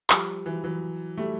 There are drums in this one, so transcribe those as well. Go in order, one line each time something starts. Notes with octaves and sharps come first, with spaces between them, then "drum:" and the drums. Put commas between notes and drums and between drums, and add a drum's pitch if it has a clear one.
F3 G3, drum: clap
E3 F#3
E3 F#3
G3 A3